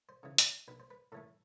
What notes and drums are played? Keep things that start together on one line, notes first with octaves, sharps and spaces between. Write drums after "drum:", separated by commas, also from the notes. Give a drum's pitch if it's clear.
C5
C#3 E3
C#5, drum: hi-hat
A#1 B4
C5
B4
A2 E3 A3 A4